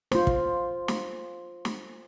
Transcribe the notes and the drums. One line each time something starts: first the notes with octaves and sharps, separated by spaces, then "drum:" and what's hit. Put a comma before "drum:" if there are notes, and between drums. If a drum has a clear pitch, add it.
F4 C5, drum: snare
drum: kick
drum: snare
drum: snare